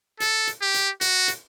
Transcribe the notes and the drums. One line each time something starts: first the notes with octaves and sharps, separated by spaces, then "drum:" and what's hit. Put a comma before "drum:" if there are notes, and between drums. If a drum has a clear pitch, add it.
A4, drum: hi-hat
drum: hi-hat
G4
drum: hi-hat
F#4, drum: hi-hat
drum: hi-hat